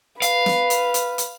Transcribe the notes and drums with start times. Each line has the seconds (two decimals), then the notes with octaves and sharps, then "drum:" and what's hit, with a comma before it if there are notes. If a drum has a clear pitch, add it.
0.22 B4 F5, drum: hi-hat
0.46 drum: snare
0.70 drum: hi-hat
0.94 drum: hi-hat
1.18 drum: hi-hat